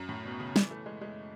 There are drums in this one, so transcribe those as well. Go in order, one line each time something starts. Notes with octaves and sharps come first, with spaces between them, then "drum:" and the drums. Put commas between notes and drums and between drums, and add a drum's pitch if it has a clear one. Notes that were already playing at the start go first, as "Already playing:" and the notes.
Already playing: F#2
A2
B2
C#3
E3, drum: snare
A3
G#3
G#3